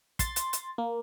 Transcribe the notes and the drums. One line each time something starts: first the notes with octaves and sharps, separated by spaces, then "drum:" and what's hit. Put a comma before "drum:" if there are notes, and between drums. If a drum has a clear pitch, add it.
C6 A6, drum: kick, hi-hat
drum: hi-hat
drum: hi-hat
A#3